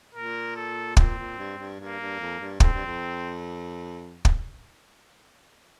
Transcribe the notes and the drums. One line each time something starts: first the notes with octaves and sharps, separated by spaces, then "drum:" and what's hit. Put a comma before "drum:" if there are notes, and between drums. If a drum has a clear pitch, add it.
A#2 A#4
A4
A#2 C4, drum: kick
A#2
G2
G2
G2 A#3
G2
F2
G2
F2 C4, drum: kick
G2
F2
drum: kick